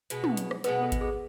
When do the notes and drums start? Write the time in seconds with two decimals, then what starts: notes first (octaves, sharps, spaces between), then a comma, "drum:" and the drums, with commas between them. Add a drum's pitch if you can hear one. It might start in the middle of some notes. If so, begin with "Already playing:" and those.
0.10 B2 G#3 B3, drum: hi-hat
0.24 drum: tom
0.37 drum: hi-hat
0.51 drum: rim click
0.64 B2 G#3 B3 B4, drum: hi-hat
0.83 A4
0.92 drum: kick G#1, hi-hat
1.01 G#4